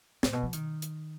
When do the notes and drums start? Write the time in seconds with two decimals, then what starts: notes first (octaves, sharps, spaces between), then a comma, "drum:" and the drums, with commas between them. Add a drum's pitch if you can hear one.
0.23 A2, drum: snare
0.33 B2
0.43 F3
0.53 D#3, drum: hi-hat
0.82 drum: hi-hat